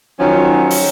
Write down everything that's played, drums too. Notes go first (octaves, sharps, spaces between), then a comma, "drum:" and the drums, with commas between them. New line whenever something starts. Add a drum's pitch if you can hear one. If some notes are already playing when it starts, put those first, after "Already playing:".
D#3 F3 F#3 C#4
drum: open hi-hat